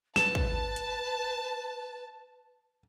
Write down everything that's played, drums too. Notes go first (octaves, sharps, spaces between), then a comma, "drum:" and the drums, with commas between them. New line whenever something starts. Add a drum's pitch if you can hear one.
B4 A5 E7, drum: snare
drum: kick
drum: hi-hat